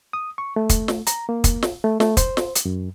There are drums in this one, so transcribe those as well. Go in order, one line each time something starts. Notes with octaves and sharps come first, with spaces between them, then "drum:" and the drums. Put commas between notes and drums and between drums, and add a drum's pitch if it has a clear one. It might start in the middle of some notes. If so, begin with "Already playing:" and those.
D#6
C#6
A3
drum: kick, hi-hat
drum: snare
A#5, drum: hi-hat
A#3
drum: kick, hi-hat
drum: snare
A3
A3, drum: snare
C5, drum: kick, hi-hat
drum: snare
drum: hi-hat
F#2